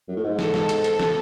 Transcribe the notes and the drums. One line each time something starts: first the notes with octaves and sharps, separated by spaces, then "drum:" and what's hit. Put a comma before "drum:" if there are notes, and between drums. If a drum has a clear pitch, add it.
F#2
A2
G#2
A4, drum: snare
drum: snare
drum: hi-hat
drum: hi-hat
drum: snare